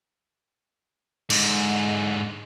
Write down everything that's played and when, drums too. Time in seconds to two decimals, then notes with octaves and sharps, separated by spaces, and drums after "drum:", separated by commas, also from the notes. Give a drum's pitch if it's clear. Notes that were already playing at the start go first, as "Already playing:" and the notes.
1.30 G#2 D3, drum: cymbal